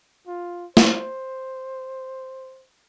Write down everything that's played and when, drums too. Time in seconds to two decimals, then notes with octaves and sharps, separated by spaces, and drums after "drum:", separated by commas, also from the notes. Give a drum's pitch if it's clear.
0.27 F4
0.77 C5, drum: snare